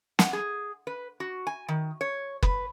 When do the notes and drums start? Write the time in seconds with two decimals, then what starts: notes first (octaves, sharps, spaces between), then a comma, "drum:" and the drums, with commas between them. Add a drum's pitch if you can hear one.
0.19 F#5, drum: snare
0.33 G#4
0.87 B4
1.20 F#4
1.47 G#5
1.68 D#3
2.01 C#5
2.43 B4, drum: kick F#1